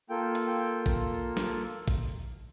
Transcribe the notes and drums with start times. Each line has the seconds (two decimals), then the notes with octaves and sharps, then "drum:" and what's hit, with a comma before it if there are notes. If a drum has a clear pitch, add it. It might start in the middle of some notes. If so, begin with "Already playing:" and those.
0.09 A#3 F4 A4 G5
0.35 drum: hi-hat
0.47 G5
0.86 drum: kick A1, hi-hat
1.37 drum: snare
1.88 drum: kick A1, hi-hat